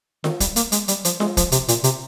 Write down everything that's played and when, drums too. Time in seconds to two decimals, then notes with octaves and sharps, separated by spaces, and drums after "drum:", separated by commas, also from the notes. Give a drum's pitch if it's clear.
0.24 D#3, drum: snare F4
0.40 G3, drum: kick, hi-hat
0.56 A#3, drum: hi-hat
0.72 G#3, drum: hi-hat
0.88 G3, drum: hi-hat
1.05 F3, drum: hi-hat
1.20 G#3, drum: snare F4
1.37 F3, drum: kick, hi-hat
1.52 C3, drum: hi-hat
1.68 A#2, drum: hi-hat
1.84 C3, drum: hi-hat